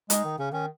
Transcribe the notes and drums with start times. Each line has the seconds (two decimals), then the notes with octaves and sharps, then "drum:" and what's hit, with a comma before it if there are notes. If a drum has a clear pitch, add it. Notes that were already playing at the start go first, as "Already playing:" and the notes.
0.10 G#3 D#4, drum: hi-hat
0.25 D#3
0.39 C#3 C#4
0.52 D#3 C#4